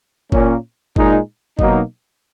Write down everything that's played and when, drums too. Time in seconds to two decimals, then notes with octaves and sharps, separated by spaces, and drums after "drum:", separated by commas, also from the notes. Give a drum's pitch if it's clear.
0.32 A#2 A#3 C#4, drum: kick F#1
0.96 A#2 G#3 D#4, drum: kick F#1
1.59 B2 F#3 A#3 D#4, drum: kick F#1